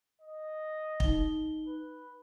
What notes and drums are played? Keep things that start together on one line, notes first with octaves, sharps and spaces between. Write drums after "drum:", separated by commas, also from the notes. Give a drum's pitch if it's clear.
D#5
D#4 G7, drum: kick
B4